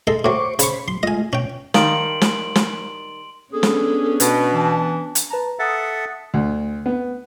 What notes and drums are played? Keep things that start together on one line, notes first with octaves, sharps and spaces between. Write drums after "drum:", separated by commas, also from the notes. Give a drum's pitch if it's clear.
G#3 A4 C6
A2 F#3 C5 C#6 D6
C#3 C5 B5 C#6, drum: hi-hat
F#3 C6
G#3 A3 F4 D#5 G#5
B2 C#4 G5
D#3 G3 F5 A5 A#5 C6 D7 F#7, drum: snare
drum: snare
drum: snare
B3 C#4 D4 G#4 A4
drum: snare
B2, drum: hi-hat
E3 A5
drum: hi-hat
B4 A5 A#5
A4 E5 F#5 D#6 A6
D2
B3